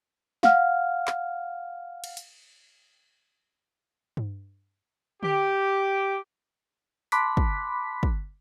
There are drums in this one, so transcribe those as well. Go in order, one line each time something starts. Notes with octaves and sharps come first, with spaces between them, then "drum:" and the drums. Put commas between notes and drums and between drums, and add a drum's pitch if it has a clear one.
F5 F#5 F6, drum: snare
drum: clap
drum: cymbal
drum: hi-hat
drum: tom G2
G4, drum: tom D3
A5 B5 C6 D6 F#6 B6, drum: hi-hat
drum: kick
drum: kick